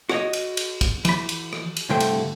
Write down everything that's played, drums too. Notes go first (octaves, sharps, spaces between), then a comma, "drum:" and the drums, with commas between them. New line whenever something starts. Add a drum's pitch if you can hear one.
F#4 C#5 D#5, drum: rim click
drum: cymbal
drum: cymbal
drum: kick, cymbal
E3 B5, drum: cymbal
drum: cymbal
drum: rim click
drum: cymbal
C2 G2 D3 A3 C5 G5
drum: cymbal